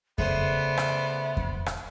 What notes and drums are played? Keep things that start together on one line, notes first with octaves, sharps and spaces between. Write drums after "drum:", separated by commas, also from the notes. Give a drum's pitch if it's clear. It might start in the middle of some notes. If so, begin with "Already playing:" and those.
C#3 A3 B3 C#4 C5 D5 E5, drum: kick F2
drum: rim click
drum: kick F2
drum: rim click